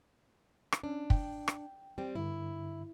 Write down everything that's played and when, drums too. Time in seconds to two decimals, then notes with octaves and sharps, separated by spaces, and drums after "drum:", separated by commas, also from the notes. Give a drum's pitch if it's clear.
0.72 drum: rim click
0.84 C#4 D4
1.10 G5, drum: kick
1.48 drum: rim click
1.98 G3 C4
2.15 G2 D3 E4